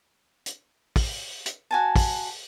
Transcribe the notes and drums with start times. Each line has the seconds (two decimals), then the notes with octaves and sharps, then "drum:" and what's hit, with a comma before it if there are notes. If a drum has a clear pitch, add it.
0.46 drum: hi-hat
0.96 drum: kick, open hi-hat
1.46 drum: hi-hat
1.71 F#4 G#5 A5
1.96 drum: kick, open hi-hat